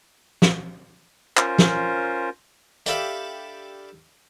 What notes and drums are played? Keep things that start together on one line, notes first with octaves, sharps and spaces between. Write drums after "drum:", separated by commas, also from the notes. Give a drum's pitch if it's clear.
drum: snare
C#4 F4 A#4 C5, drum: clap
drum: snare
D4 G4 A4 E5 F5 B5, drum: hi-hat